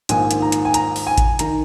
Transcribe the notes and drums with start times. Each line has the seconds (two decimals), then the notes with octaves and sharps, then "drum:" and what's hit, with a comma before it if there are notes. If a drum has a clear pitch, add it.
0.09 A#1 G#2 D#3 A#3 G#5, drum: hi-hat
0.31 drum: hi-hat
0.42 A#5
0.52 drum: hi-hat
0.65 G#5
0.74 A#5, drum: hi-hat
0.96 drum: open hi-hat
1.07 G#5
1.18 drum: kick A1, hi-hat
1.39 D#3 A#5, drum: hi-hat